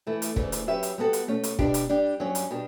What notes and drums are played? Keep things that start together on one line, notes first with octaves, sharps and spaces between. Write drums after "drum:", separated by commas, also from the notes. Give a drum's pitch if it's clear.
E3 A3 E4
drum: hi-hat
D2 C#3 E3 A3, drum: kick
drum: hi-hat
F#3 C#4 G4 B4 E5
drum: hi-hat
G3 B3 F#4 A4
drum: hi-hat
B2 A3 C#4
drum: hi-hat
B2 G3 D4 G4 D5, drum: kick
drum: hi-hat
G3 D4 G4
G2 F#3 C#4
drum: hi-hat
B2 G3 D4